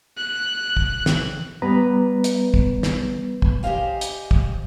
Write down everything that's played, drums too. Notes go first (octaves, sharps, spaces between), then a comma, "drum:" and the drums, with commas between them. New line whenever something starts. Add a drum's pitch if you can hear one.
F#6
drum: kick
drum: snare
G3 B3 B4 A#5
drum: hi-hat
drum: kick
drum: snare
drum: kick
G4 C5 D5 D#5 F5 G#5
drum: hi-hat
drum: kick